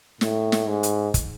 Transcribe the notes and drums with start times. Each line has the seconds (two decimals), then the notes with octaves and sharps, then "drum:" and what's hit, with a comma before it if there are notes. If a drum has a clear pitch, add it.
0.21 A2, drum: snare
0.52 drum: snare
0.68 G#2
0.83 drum: hi-hat
1.14 drum: kick, hi-hat